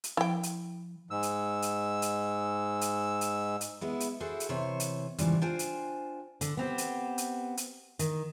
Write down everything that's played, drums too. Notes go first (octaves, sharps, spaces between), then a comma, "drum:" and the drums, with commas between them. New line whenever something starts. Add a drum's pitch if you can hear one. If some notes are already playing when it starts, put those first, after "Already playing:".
drum: hi-hat
F3 E4 G5
drum: hi-hat
G#2 E6
drum: hi-hat
drum: hi-hat
drum: hi-hat
drum: hi-hat
drum: hi-hat
drum: hi-hat
G#3 B3 E4
drum: hi-hat
E4 F#4 G#4 A4 C5
drum: hi-hat
C3 E3 C5 C#5
drum: hi-hat
G#2 C#3 E3 F3 G3, drum: hi-hat
D4 F4 C5 G5 G#5
drum: hi-hat
D3, drum: hi-hat
B3 C4 G4
drum: hi-hat
drum: hi-hat
drum: hi-hat
D#3, drum: hi-hat